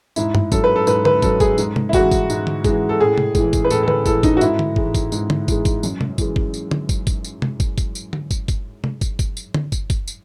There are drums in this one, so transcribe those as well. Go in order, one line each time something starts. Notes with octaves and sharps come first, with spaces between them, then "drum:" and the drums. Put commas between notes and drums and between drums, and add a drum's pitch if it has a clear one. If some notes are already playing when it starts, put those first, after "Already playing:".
G#2 E4, drum: tambourine
drum: tom G2
F#3 A4, drum: kick, tambourine
B4
A4
G#2 B4, drum: tambourine
B4, drum: tom D3
F#3 A4, drum: kick, tambourine
G#4, drum: kick, tambourine
G#2, drum: tambourine
drum: tom C3
E4
E3 G#3 F#4, drum: kick, tambourine
drum: kick, tambourine
G#2, drum: tambourine
drum: tom D3
E3 G#3, drum: kick, tambourine
A4
A2 G#4
drum: tom C3
E3 G#3, drum: kick, tambourine
drum: kick, tambourine
B4
A2 A4, drum: tambourine
A4
B4, drum: tom D3
E3 G#3 A4, drum: kick, tambourine
D#4, drum: kick, tambourine
F#4
G#2 E4, drum: tambourine
drum: tom D3
E3 G#3, drum: kick
drum: kick, tambourine
G#2, drum: tambourine
drum: tom D3
E3 G#3, drum: kick, tambourine
drum: kick, tambourine
F#2, drum: tambourine
drum: tom C3
E3 G#3, drum: kick, tambourine
drum: kick
drum: tambourine
drum: tom D3
drum: kick, tambourine
drum: kick, tambourine
drum: tambourine
drum: tom C3
drum: kick, tambourine
drum: kick, tambourine
drum: tambourine
drum: tom D3
drum: kick, tambourine
drum: kick, tambourine
drum: tom C3
drum: kick, tambourine
drum: kick, tambourine
drum: tambourine
drum: tom D3
drum: kick, tambourine
drum: kick, tambourine
drum: tambourine